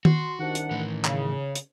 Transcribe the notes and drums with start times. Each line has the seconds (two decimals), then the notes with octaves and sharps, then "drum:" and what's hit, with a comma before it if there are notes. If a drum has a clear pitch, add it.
0.05 F#4 C6, drum: tom D#3
0.39 C2 D#3 D4 F#5
0.55 drum: hi-hat
0.71 A2 E3
1.05 C#3, drum: clap
1.55 drum: hi-hat